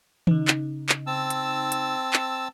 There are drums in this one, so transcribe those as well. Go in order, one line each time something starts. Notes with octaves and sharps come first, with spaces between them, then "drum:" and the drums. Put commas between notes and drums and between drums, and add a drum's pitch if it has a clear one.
C#3 D#4, drum: tom D#3
drum: clap
drum: clap
C4 A5 E6
drum: hi-hat
drum: hi-hat
drum: clap